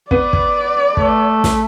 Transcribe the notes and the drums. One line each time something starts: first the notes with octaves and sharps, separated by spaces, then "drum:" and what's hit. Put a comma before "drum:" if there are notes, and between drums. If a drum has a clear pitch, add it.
B3 B4 D5, drum: kick
drum: kick
A3, drum: kick
drum: snare